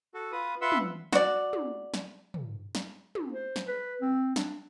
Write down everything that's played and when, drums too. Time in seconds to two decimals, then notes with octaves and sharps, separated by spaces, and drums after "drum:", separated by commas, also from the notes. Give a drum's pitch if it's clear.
0.14 F#4 A4
0.32 F4 B4 D#6
0.61 F4 B4 E5 F#5 C6 E6
0.72 drum: tom
1.13 F#4 D5, drum: snare
1.53 drum: tom
1.94 drum: snare
2.34 drum: tom
2.75 drum: snare
3.15 drum: tom
3.32 C5
3.56 drum: snare
3.67 B4
4.01 C4
4.36 D4, drum: snare